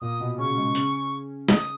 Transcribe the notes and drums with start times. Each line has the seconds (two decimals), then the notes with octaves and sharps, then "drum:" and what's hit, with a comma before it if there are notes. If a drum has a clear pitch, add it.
0.01 A#2 A#3 D#6
0.20 B2 B3
0.38 C#3 C#4 C#6
0.57 G#3
0.75 C#3 C#4, drum: hi-hat
1.49 D#6, drum: snare